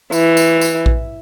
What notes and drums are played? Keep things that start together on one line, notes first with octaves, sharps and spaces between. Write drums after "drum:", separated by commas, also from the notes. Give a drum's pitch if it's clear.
E3, drum: tambourine
drum: tambourine
drum: tambourine
drum: kick A#1